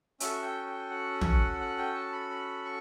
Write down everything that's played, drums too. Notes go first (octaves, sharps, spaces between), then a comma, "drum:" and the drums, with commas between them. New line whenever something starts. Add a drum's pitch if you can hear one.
C#4 F#4 A4 E5, drum: hi-hat
G5
G5
F#5
drum: tom
F#5
G5
A5
B5
B5
C#6